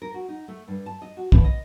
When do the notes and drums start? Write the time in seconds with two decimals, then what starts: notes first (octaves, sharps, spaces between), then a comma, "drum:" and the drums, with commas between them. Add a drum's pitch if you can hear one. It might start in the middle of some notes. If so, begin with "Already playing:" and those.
0.02 A#4
0.14 F#4
0.28 D#4
0.48 A3
0.68 G2
0.86 A5
1.02 D#5
1.17 F#4
1.32 B2, drum: kick
1.44 D#5